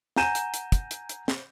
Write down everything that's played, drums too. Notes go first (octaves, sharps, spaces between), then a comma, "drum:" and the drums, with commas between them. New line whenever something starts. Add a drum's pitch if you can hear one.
F#5 G#5 A#5 G6 D#7 E7, drum: snare
drum: hi-hat
drum: hi-hat
drum: kick, hi-hat
drum: hi-hat
drum: hi-hat
drum: snare